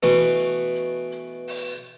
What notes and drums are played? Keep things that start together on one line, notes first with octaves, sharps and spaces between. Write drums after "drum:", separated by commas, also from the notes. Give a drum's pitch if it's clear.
B2 E3 A3 B3
drum: hi-hat
drum: hi-hat
drum: hi-hat
drum: open hi-hat